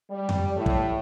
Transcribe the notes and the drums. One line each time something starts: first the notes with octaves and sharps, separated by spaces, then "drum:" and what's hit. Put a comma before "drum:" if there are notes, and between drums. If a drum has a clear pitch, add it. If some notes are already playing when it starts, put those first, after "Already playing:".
G3
drum: tom F2
A2
drum: kick